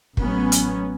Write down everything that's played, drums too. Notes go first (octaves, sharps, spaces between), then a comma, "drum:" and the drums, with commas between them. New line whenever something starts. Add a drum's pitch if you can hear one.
A1 F#3 B3 C#4, drum: kick
drum: hi-hat